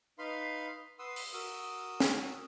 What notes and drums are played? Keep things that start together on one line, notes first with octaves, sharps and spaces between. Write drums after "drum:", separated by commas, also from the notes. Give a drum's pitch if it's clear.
D#4 B4 F5 B5 C6
B4 F#5 C6 D#6 E6
drum: open hi-hat
F#4 A#4 D#6 E6
drum: snare